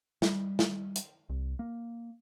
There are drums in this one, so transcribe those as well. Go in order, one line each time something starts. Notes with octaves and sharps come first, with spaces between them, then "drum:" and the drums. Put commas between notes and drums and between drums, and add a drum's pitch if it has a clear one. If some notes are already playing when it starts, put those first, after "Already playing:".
G3, drum: snare
drum: snare
drum: hi-hat
C2
A#3